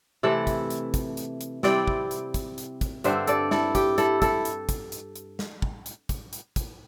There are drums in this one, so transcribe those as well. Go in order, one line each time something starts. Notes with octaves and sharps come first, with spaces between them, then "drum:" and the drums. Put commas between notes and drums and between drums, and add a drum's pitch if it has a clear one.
C3 E3 A3 E4 A4
drum: kick, hi-hat
drum: hi-hat
drum: kick, hi-hat
drum: hi-hat
drum: hi-hat
C3 G3 C4 E4 D5 G5, drum: snare
drum: kick
drum: hi-hat
drum: kick, hi-hat
drum: hi-hat
drum: kick, hi-hat
G2 D3 C4 C5 E5, drum: hi-hat
A4 D5, drum: hi-hat
E4 A4, drum: snare
G4, drum: kick, hi-hat
E4 A4, drum: hi-hat
E4 A4, drum: kick, hi-hat
drum: hi-hat
drum: kick, hi-hat
drum: hi-hat
drum: hi-hat
drum: snare
drum: kick
drum: hi-hat
drum: kick, hi-hat
drum: hi-hat
drum: kick, hi-hat